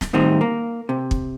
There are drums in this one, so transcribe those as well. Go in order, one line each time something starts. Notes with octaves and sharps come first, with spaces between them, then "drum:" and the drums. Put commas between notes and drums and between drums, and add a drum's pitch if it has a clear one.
drum: snare
A2 D#3 G3 C4 D#4
A#3
C3
drum: kick